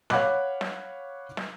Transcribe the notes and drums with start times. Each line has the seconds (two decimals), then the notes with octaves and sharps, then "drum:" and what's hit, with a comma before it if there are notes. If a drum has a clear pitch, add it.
0.10 C#5 F5 F#5 B5 D6 F#6, drum: snare
0.61 drum: snare
1.37 drum: snare